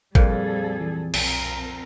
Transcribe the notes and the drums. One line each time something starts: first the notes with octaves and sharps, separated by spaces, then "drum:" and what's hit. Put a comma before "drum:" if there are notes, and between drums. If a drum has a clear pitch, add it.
F2 A#2 G3 G#4 A4 C5 F5, drum: kick
E3
B1 C4 A#4, drum: cymbal